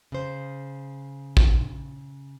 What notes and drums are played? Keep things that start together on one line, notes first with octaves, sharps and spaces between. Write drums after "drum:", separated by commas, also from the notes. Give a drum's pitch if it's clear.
C#3 C5
drum: kick A1